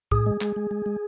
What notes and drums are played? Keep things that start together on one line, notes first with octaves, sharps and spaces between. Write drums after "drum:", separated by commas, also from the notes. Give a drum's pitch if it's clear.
A2 G#4, drum: kick
G#3
G#3, drum: clap
G#3
G#3
G#3